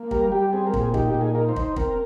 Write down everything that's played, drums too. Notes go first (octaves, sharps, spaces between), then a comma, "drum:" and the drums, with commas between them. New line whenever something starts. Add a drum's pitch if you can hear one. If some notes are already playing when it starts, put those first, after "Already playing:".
Already playing: A#3
G3 A#4, drum: kick
G3 G4
C4 G#4
A#4
A#2, drum: kick
G#4
D#4 G4, drum: kick
G4
A#2
G#4
D#4 A#4
C5
D#4, drum: kick
C5
C4 A#4, drum: kick